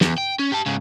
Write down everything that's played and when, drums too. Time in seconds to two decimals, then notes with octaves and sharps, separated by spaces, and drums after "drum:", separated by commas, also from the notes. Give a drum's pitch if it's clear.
0.01 E2, drum: snare
0.18 G5
0.39 C#4
0.52 G4 A5
0.66 G#2 C#3